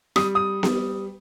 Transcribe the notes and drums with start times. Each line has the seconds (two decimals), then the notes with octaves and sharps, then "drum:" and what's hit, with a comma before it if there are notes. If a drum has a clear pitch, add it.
0.16 G3 D#6, drum: rim click
0.35 D#6
0.63 G3, drum: snare B3